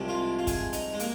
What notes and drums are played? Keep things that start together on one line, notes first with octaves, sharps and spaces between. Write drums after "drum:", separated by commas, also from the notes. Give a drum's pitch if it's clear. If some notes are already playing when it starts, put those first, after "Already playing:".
Already playing: C2 C3 F3 G#3
F4
F4
G#4, drum: kick, hi-hat
D#4, drum: hi-hat
G#3
A#3, drum: hi-hat